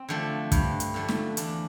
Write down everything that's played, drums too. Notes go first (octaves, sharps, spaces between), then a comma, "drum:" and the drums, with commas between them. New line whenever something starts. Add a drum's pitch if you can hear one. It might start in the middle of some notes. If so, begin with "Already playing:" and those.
Already playing: C4
D3 F3 A3
G2, drum: kick, hi-hat
drum: hi-hat
D3 F3 A3
drum: snare
E2 D4, drum: hi-hat